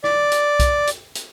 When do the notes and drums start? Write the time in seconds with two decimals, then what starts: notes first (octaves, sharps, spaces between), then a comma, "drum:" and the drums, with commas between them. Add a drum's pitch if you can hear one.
0.04 D5, drum: rim click
0.32 drum: hi-hat
0.59 drum: kick B1, hi-hat
0.87 drum: hi-hat
1.15 drum: hi-hat